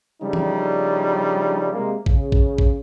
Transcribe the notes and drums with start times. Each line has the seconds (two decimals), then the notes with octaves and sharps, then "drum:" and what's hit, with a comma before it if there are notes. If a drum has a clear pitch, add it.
0.21 C#3 F3 G3 A3 D4 D#4
0.33 drum: tom E3
1.73 C3 G#3 A#3
2.06 C#3, drum: kick A1
2.32 drum: kick A1
2.58 drum: kick A1